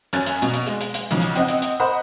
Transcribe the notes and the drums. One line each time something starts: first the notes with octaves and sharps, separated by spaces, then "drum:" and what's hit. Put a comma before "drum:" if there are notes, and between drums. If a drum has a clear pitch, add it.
F#2 C#4 G#5 F#6 A6, drum: hi-hat
drum: hi-hat
B2, drum: hi-hat
drum: hi-hat
G#3, drum: hi-hat
drum: hi-hat
drum: hi-hat
B1 C#3 F3, drum: hi-hat
drum: hi-hat
C4 D#5 F#5, drum: hi-hat
drum: hi-hat
drum: hi-hat
A#4 C5 D#5 F#5 B5